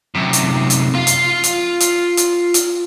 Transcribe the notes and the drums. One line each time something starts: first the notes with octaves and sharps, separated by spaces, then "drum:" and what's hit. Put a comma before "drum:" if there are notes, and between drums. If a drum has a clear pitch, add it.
F#2 C3
drum: hi-hat
drum: hi-hat
F4 F5
drum: hi-hat
drum: hi-hat
drum: hi-hat
drum: hi-hat
drum: hi-hat